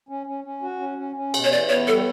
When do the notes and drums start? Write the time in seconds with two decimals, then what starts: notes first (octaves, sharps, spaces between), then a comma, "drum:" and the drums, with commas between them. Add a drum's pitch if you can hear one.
0.09 C#4
0.27 C#4
0.44 C#4
0.63 F#4
0.80 C#4
0.98 C#4
1.16 C#4
1.34 B2, drum: cymbal
1.44 C#5
1.51 E3 D5
1.69 B3 C#5
1.87 G3 A4